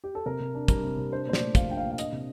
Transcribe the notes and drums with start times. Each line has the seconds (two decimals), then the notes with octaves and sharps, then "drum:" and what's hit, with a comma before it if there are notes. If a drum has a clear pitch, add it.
0.04 G4
0.15 A4
0.26 C3 A#4
0.40 C3
0.55 D4
0.68 G3 A#4, drum: kick, hi-hat
0.83 C3
0.98 C3
1.12 D4 C5
1.27 A#2 C5
1.33 D5, drum: snare
1.41 A3
1.55 F3 F5, drum: kick, hi-hat
1.69 D4 G5
1.77 F5
1.84 A#2
1.91 F5
1.98 D4 D#5, drum: hi-hat
2.12 C3